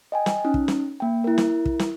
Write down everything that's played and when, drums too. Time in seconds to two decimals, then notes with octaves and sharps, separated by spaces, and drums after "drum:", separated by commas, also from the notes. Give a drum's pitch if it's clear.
0.12 D#5 G5 G#5
0.26 drum: snare
0.45 C#4 D#4
0.54 drum: kick
0.68 drum: snare
1.00 A#3 G5
1.24 E4 A#4
1.38 drum: snare
1.66 drum: kick
1.79 drum: snare